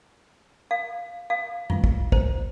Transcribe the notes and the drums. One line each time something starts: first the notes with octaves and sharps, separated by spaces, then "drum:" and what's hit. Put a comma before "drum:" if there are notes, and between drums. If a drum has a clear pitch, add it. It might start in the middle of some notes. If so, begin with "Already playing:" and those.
F5
F5
F4, drum: tom F#2
drum: kick
C5, drum: kick